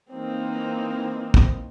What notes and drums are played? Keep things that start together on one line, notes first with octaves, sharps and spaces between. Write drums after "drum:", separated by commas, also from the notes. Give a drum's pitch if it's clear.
E3 A#3 C4 D#4
drum: kick